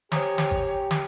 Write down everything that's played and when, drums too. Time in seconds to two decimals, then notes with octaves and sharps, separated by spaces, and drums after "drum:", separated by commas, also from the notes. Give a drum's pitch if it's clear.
0.12 G4 C5 C#5 G5 G#5 A#5 D#6, drum: snare
0.38 drum: snare
0.51 drum: kick G#1
0.91 drum: snare